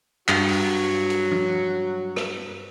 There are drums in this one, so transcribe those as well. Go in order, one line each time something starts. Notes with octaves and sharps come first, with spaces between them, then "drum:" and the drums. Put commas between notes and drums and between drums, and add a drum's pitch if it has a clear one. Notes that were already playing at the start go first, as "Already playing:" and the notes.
G2 F#3 F#4, drum: clap
drum: open hi-hat
drum: hi-hat
drum: tom F3
drum: rim click